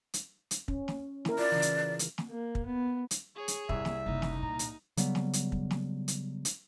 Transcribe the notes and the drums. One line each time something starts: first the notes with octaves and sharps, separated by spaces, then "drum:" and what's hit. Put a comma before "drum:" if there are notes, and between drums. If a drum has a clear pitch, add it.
drum: hi-hat
drum: hi-hat
C#4, drum: kick
drum: snare
E4 A#4, drum: snare
F4 D5
C#3 E3
drum: hi-hat
drum: hi-hat
drum: snare
A#3
drum: kick
B3
drum: hi-hat
G#4 C#5
drum: hi-hat
C2 E5, drum: kick
drum: snare
F#1 C3 D#4
drum: snare
A#2 A#5
drum: hi-hat
C#3 F#3 G3 B3, drum: hi-hat
drum: snare
drum: hi-hat
drum: kick
drum: snare
drum: hi-hat
drum: hi-hat